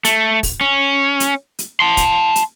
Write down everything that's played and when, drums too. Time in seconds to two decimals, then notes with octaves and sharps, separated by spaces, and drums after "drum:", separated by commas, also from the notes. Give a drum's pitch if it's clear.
0.05 A3, drum: hi-hat
0.43 drum: kick, open hi-hat
0.61 C#4
1.20 drum: hi-hat
1.59 drum: hi-hat
1.80 A5 C6
1.97 drum: kick, hi-hat
2.36 drum: hi-hat